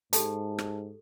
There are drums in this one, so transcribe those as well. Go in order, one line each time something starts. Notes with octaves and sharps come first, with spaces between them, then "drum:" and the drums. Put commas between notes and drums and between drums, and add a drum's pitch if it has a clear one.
G#2 G4 A4 A5, drum: hi-hat
drum: rim click